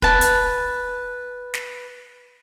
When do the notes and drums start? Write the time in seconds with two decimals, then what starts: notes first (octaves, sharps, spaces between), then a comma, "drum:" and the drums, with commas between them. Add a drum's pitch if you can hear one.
0.02 B4 A5, drum: kick
0.21 drum: hi-hat
1.54 drum: snare